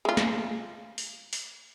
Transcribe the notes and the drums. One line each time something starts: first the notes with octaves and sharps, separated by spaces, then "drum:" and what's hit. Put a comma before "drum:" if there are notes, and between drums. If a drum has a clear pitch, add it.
G#3 F4
drum: snare
drum: open hi-hat
drum: open hi-hat